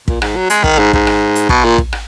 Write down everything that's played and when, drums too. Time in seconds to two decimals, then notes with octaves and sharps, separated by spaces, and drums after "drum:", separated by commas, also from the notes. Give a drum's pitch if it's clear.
0.08 A#2, drum: kick
0.22 G#2, drum: rim click
0.36 F#3
0.50 G#3, drum: hi-hat
0.64 D#3, drum: kick
0.78 G#2
0.93 G#2, drum: kick
1.07 drum: rim click
1.35 drum: hi-hat
1.49 B2, drum: kick
1.64 A#2
1.78 drum: kick
1.93 drum: rim click